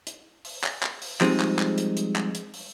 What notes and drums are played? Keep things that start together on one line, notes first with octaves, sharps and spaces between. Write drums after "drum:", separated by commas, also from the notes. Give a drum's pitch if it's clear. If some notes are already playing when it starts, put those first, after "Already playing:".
drum: hi-hat
drum: open hi-hat
drum: clap
drum: clap
drum: open hi-hat
F3 G3 G#3 C4 D#4, drum: clap
drum: clap
drum: clap
drum: hi-hat
drum: hi-hat
drum: clap
drum: hi-hat
drum: open hi-hat